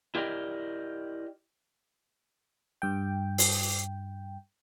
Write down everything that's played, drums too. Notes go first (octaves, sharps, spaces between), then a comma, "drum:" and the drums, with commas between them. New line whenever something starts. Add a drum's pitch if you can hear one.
E4 G4 A#4 D5 D#5
G2 G5
drum: open hi-hat